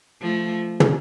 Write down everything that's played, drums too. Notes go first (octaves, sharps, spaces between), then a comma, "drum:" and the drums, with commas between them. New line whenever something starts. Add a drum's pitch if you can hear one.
F3 A3
drum: tom